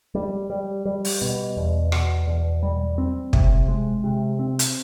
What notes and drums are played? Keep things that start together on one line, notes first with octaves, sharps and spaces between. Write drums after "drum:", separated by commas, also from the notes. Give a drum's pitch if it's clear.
G3
G3
G3
drum: open hi-hat
B2
E2
B2, drum: rim click
E2
G3
C4
C3, drum: kick
G#3
C3
C4
drum: hi-hat